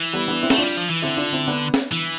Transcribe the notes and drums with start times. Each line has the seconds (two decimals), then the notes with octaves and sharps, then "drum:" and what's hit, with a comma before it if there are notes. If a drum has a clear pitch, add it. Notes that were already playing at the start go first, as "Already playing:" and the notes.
Already playing: E3
0.13 G3 B3
0.28 B3 D4
0.43 C4 E4
0.50 A3, drum: snare
0.58 D4 F4
0.63 G3
0.77 F3
0.90 E3
1.02 D3 C4 E4
1.17 D4 F4
1.33 C4 E4
1.47 B3 D4
1.74 drum: snare
1.92 E3